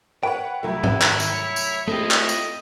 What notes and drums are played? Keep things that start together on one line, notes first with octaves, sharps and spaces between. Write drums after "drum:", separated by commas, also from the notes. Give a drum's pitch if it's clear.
B4 C#5 F#5 G5
C2 F#3 A3 E4
drum: tom G#2
D#3, drum: clap
drum: tambourine
C#5
drum: tambourine
A3 C4 E4 F4 G4 A4 D#5
drum: clap
drum: tambourine